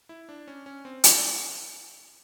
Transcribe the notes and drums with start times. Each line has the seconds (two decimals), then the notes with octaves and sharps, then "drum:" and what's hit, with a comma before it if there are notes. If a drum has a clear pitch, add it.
0.09 E4
0.29 D4
0.48 C#4
0.66 C#4
0.85 C4
1.04 D4, drum: hi-hat